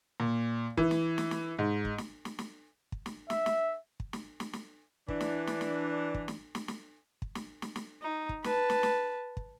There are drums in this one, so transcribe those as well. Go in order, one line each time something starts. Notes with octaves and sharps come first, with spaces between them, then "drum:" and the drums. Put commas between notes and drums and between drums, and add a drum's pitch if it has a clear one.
A#2
E3, drum: kick
drum: snare
drum: snare
drum: snare
G#2
drum: kick
drum: snare
drum: snare
drum: snare
drum: kick
drum: snare
E5, drum: snare
drum: snare
drum: kick
drum: snare
drum: snare
drum: snare
E3 D4, drum: kick
drum: snare
drum: snare
drum: snare
drum: kick
drum: snare
drum: snare
drum: snare
drum: kick
drum: snare
drum: snare
drum: snare
D#4
drum: kick
B4 A5, drum: snare
drum: snare
drum: snare
drum: kick